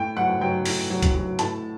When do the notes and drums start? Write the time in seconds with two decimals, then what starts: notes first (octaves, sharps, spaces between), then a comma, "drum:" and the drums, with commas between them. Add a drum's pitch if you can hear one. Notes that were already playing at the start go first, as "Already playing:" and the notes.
Already playing: A2 G5
0.17 F#3 F#5
0.41 F#3 G5
0.66 A2, drum: open hi-hat
0.90 F#3
1.02 drum: kick, hi-hat
1.15 F#3
1.39 A2 A5, drum: hi-hat